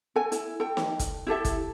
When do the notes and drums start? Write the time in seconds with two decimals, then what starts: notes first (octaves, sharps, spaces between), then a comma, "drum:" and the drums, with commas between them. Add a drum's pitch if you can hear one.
0.16 A4 G#5
0.32 E4, drum: hi-hat
0.60 A4 G5
0.77 drum: snare
0.99 drum: kick, hi-hat
1.27 E4 G4 A4 E5
1.45 drum: kick, hi-hat